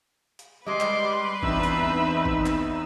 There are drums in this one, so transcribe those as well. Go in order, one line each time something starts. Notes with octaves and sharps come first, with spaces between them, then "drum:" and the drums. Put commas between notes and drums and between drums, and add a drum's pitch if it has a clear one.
drum: hi-hat
G3 G#3 B4 D#5 C6 D6
drum: clap
E2 C4 D4 D#4 E5 E6, drum: kick
drum: hi-hat
drum: kick
drum: clap